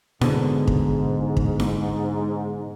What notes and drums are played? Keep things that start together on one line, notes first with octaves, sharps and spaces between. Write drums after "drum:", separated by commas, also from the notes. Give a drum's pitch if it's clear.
G#2 B2 D3, drum: snare E4
drum: kick
drum: kick
drum: snare E4